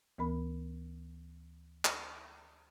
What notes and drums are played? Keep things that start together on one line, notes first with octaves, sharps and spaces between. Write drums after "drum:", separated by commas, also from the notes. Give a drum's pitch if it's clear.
D2 E3 B3 A#4 B5
drum: clap